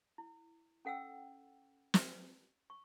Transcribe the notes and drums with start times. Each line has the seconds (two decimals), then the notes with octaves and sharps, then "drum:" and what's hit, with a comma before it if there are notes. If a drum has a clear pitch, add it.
0.18 E4
0.85 C#4 A4 F#5 G5 E6
1.94 drum: snare
2.70 C#6